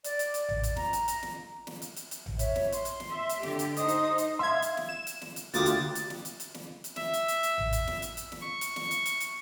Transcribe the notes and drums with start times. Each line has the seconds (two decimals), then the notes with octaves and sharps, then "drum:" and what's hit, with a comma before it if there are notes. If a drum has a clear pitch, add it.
0.04 D5, drum: hi-hat
0.19 drum: hi-hat
0.34 drum: hi-hat
0.49 drum: tom A1
0.63 drum: hi-hat
0.76 A#5, drum: snare
0.93 drum: hi-hat
1.08 drum: hi-hat
1.23 drum: snare
1.67 drum: snare
1.82 drum: hi-hat
1.96 drum: hi-hat
2.11 drum: hi-hat
2.26 drum: tom A1
2.39 C#5 E5, drum: hi-hat
2.56 drum: snare
2.72 C6, drum: hi-hat
2.85 drum: hi-hat
3.00 drum: snare
3.10 E5
3.29 drum: hi-hat
3.43 D3 G4 G5, drum: snare
3.59 drum: hi-hat
3.77 D#4 C5 D#5 D#6, drum: hi-hat
3.88 drum: hi-hat
4.18 drum: hi-hat
4.39 E5 F5 C6 G#6
4.62 drum: hi-hat
4.77 drum: snare
4.89 E7
5.07 drum: hi-hat
5.21 drum: snare
5.36 drum: hi-hat
5.54 D2 A#3 F4 G4 D6 D#6 A6, drum: hi-hat
5.66 drum: hi-hat
5.95 drum: hi-hat
6.10 drum: snare
6.25 drum: hi-hat
6.40 drum: hi-hat
6.54 drum: snare
6.84 drum: hi-hat
6.96 E5, drum: snare
7.14 drum: hi-hat
7.28 drum: hi-hat
7.43 drum: hi-hat
7.58 drum: tom A1
7.73 drum: hi-hat
7.87 drum: snare
8.02 drum: hi-hat
8.17 drum: hi-hat
8.32 drum: snare
8.41 C#6
8.61 drum: hi-hat
8.76 drum: snare
8.91 drum: hi-hat
9.06 drum: hi-hat
9.20 drum: hi-hat